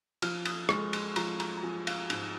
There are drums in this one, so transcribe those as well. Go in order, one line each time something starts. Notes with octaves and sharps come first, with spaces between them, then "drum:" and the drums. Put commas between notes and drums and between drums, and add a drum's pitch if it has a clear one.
F3 F6, drum: cymbal
D#6, drum: cymbal
G#3 C#6, drum: rim click
C6, drum: cymbal
F3 A#5, drum: cymbal
A#5, drum: cymbal
A#5
F3 G#5
F5, drum: cymbal
G#2, drum: cymbal